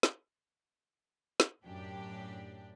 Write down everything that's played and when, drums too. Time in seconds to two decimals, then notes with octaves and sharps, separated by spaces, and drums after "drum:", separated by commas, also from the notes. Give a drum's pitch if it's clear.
0.03 drum: snare
1.40 drum: snare
1.63 F#2 A2 D4 G4